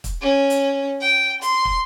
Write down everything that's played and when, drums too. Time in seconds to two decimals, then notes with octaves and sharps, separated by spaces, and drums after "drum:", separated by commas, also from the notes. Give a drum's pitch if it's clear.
0.04 drum: kick, hi-hat
0.21 C#4
0.50 drum: hi-hat
1.01 G5
1.42 C6, drum: hi-hat
1.65 drum: kick